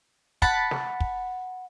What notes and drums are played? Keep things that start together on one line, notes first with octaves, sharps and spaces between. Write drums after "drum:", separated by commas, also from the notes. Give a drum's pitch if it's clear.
F#5 A5 B5, drum: kick
drum: snare
drum: kick